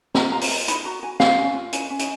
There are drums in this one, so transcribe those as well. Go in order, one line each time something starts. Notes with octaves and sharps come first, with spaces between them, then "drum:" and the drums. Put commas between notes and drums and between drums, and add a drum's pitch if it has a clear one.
F4 A#5, drum: snare
F4 A#5
drum: open hi-hat
F4 A#5
D#4 B5, drum: hi-hat
F#4 A#5
F#4 G#5
F4 F5, drum: snare
C#4
F4
C#4, drum: hi-hat
C#4
drum: hi-hat